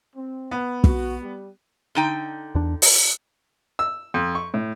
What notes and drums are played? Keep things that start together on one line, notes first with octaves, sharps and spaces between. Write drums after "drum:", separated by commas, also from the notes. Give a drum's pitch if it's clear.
C4
B3
F#4, drum: kick
G3
D3 D#4 G5
E2 D4
drum: open hi-hat
E6
F2
C#6
A2